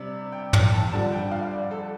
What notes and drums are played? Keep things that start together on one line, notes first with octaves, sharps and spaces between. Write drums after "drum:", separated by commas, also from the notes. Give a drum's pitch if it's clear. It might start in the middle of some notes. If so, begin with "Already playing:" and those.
Already playing: C3 G3 D4
G5
G5, drum: tom
A5
F2 D3 G3 D4 A5
G5
F5
D5
A4